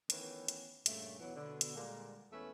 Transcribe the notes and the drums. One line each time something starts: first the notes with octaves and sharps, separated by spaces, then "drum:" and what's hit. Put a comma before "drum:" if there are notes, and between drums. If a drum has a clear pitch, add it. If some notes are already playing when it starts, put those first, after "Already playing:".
D#3 E3 A3 B3 C#4, drum: hi-hat
drum: hi-hat
G2 A#2 C#3 A3, drum: hi-hat
E2 B2 E3 F#3
B2 D3
drum: hi-hat
A#2 D3 G3 G#3 A#3
E2 A3 C#4 B4 E5